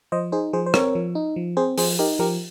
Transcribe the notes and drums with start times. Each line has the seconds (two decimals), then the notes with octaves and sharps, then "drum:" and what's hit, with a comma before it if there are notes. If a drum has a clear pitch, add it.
0.12 F3 C5 D#5
0.32 D#4 G#4 C5
0.53 F3 G#4 C5
0.66 C5
0.74 C4 A#4 C#5, drum: rim click
0.95 F3
1.15 D#4
1.36 F3
1.57 C4 G#4 C5
1.78 F3 G#4 C5, drum: open hi-hat
1.99 D#4 G4 A#4
2.19 F3 G4 A#4